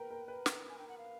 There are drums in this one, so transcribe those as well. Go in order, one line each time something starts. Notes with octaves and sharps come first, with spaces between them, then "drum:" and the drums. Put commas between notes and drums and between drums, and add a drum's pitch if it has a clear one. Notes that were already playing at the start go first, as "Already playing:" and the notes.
Already playing: A#4 B4 G5
A#4
B4
drum: snare
G#5
G5
F#5
F5